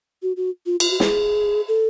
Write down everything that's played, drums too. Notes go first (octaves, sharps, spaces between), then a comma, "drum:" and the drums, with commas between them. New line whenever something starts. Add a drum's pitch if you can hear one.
F#4
F#4
F4
F4, drum: cymbal
F#4
G#4, drum: snare
A4